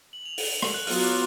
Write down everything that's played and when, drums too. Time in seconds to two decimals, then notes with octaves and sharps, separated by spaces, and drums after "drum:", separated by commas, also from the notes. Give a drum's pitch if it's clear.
0.13 F#7
0.26 F7
0.38 F7, drum: open hi-hat
0.50 F#7
0.62 drum: rim click
0.74 F#6
0.87 F#3 B3 F4 F6, drum: open hi-hat
1.04 D6